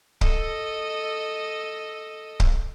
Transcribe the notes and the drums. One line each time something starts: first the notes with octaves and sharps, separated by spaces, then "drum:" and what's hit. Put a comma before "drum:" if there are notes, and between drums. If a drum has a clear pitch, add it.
A4 D#5, drum: kick
drum: kick